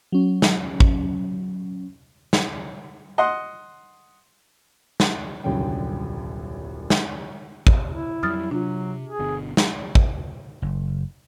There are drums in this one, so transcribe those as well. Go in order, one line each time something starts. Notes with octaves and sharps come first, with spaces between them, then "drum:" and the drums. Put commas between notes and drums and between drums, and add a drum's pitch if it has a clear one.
F#3 C#4
drum: snare
drum: kick
drum: snare
D#5 F#5 C6
drum: snare
D#1 C2 F#2 D3 C#4 G5
drum: snare
drum: kick
E4
F2 F#3 G3 D#6 F6 A6
C3 F#3 D4 F4
G#4
G1 B2 D3
drum: snare
drum: kick
F#1